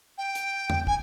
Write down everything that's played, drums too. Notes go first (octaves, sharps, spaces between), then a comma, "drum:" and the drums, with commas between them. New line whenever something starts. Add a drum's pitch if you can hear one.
G5
drum: hi-hat
drum: tom E2
G#5, drum: kick